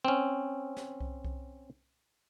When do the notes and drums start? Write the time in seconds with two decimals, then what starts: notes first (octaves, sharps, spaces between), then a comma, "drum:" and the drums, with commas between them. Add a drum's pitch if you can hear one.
0.05 C4 C#4
0.76 drum: snare
1.00 drum: kick C2
1.24 drum: kick C2